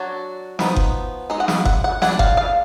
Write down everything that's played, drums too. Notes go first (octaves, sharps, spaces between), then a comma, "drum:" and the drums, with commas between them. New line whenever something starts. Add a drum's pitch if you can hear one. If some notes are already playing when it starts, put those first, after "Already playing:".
Already playing: F#3 D4 F#4
F3 B3 D#4, drum: snare
drum: kick F#1
G#3 D#4 D#5
F#5
F5, drum: snare
F#5, drum: kick F#1
F#5
G#3 D4 F#5, drum: snare
F5, drum: kick F#1
F5